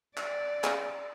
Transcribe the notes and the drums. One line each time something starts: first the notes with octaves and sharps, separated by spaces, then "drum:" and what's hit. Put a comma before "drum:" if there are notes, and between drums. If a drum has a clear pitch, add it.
D5, drum: clap
C#3 G#4, drum: clap